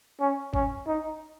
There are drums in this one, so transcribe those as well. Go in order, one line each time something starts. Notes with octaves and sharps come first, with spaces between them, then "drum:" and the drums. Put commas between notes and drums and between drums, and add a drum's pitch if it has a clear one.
C#4
C#4, drum: kick G#1
D#4